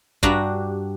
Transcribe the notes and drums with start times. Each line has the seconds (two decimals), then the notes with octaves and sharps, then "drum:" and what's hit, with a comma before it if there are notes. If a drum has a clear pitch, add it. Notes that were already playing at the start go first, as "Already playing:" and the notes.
0.23 G2 D4 F#4 G4 A#5, drum: kick